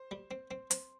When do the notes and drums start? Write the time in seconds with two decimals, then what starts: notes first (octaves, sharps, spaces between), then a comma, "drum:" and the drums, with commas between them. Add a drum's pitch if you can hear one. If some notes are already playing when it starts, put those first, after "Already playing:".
Already playing: C5
0.11 G3
0.31 C4
0.51 C4
0.71 C4, drum: hi-hat